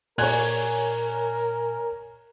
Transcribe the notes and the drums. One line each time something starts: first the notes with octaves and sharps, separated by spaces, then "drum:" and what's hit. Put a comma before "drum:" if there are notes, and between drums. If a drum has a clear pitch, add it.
A#2 A#4 C#5 D5 G#5 F#6 G#6, drum: open hi-hat